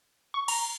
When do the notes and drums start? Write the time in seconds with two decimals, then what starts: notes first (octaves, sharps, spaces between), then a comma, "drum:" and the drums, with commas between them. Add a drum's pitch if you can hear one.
0.34 C#6
0.48 A#5, drum: cymbal